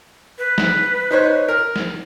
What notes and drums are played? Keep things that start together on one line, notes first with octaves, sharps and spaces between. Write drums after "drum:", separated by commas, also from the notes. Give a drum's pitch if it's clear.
B4
drum: snare
D#4 C5 C#5
A#4
drum: snare